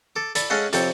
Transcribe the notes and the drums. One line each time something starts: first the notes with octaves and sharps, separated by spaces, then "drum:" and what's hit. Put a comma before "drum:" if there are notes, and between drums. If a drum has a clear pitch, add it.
A4 D6
A4 D5 B5, drum: hi-hat
G#3 C#4 A4 D#5 F5 F#5
F2 C3 A4 C#5 G5, drum: hi-hat